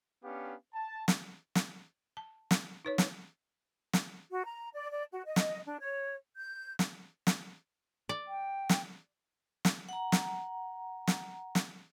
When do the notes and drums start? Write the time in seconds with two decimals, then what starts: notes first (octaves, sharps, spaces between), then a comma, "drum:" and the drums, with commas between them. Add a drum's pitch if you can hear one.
0.24 B3 C#4 D4 G4 F5
0.74 A5
1.08 drum: snare
1.55 drum: snare
2.17 A5
2.51 drum: snare
2.85 D#4 B4 C#5
2.98 drum: snare
3.93 drum: snare
4.30 F#4
4.45 A#5
4.74 D5
4.92 D5
5.12 F#4
5.25 D#5
5.36 drum: snare
5.66 D4
5.80 C#5
6.37 G6
6.79 drum: snare
7.27 drum: snare
8.09 D5
8.28 G5
8.69 drum: snare
9.65 drum: snare
9.89 F#5 A#5
10.12 drum: snare
11.07 drum: snare
11.55 drum: snare